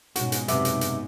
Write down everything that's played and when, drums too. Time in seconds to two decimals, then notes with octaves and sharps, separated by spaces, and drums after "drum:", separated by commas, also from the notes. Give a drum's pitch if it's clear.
0.16 G#2 B2 C#4 F#4, drum: hi-hat
0.32 drum: hi-hat
0.48 F#2 C3 B3 E5 D6, drum: hi-hat
0.65 drum: hi-hat
0.81 drum: hi-hat